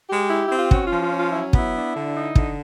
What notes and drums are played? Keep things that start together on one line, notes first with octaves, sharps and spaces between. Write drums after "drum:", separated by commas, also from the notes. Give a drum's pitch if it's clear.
G#3 G4
E4
C4 E4
F4
C#4 F#4, drum: kick
F4
F3
F4
C#4
F4
F#3 E4
B3 E4, drum: kick
D4
D3
D#4
D3, drum: kick